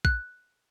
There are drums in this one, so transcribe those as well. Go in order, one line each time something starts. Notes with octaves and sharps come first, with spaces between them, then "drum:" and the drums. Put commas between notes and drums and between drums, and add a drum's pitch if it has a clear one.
F#6, drum: kick